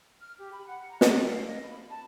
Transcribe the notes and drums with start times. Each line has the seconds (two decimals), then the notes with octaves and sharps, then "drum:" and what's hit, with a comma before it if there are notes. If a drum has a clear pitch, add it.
0.19 F6
0.39 G4
0.53 B5
0.66 F#5
0.90 A#5
1.01 D5, drum: snare
1.15 G5
1.31 F5
1.47 D#5
1.64 B5
1.90 A5